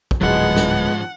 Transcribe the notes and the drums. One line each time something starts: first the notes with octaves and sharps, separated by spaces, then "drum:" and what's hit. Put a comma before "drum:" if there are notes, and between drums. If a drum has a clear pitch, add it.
drum: kick
D1 G#2 F3 F#3 G#3 B3 F#5
drum: snare